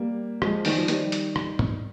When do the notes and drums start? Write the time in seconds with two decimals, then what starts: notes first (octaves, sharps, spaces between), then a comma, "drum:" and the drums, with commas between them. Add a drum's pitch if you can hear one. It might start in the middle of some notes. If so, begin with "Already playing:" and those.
Already playing: G3 A#3
0.42 F3 G#3, drum: rim click
0.65 D#3 G3, drum: open hi-hat
0.77 F3
0.88 D#3 G3, drum: hi-hat
1.12 drum: hi-hat
1.36 drum: rim click
1.59 drum: tom